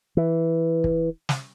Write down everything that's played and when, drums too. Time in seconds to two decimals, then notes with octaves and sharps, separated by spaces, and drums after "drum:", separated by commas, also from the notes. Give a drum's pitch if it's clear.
0.17 E3
0.84 drum: kick
1.29 drum: snare